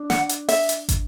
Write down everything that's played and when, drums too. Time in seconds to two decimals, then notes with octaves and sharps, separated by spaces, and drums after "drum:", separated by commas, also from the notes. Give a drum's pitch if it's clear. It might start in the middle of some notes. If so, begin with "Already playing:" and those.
Already playing: D4
0.10 F#5, drum: snare
0.29 drum: hi-hat
0.49 E5, drum: open hi-hat
0.69 drum: hi-hat
0.89 drum: kick, hi-hat